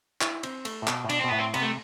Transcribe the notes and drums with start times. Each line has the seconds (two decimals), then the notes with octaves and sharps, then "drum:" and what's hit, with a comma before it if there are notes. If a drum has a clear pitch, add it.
0.21 E4, drum: clap
0.43 C4, drum: cymbal
0.65 A3, drum: cymbal
0.82 A2
0.87 B2, drum: clap
1.04 A2
1.09 B2 D4, drum: cymbal
1.19 C4
1.24 B2
1.29 A2 B3
1.39 C4
1.54 C3 B3, drum: cymbal
1.62 A3